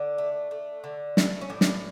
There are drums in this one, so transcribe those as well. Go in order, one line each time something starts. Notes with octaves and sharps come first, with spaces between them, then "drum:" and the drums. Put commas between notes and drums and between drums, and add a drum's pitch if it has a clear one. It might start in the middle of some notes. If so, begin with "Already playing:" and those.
Already playing: D3 D4
A3
A3
D3
A3 E4, drum: snare
C#4
A2 D4
drum: snare